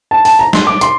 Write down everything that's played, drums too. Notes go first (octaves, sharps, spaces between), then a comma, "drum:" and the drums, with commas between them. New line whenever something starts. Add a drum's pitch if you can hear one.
A5
A5, drum: open hi-hat
A#5
C6, drum: snare
D6
C6, drum: hi-hat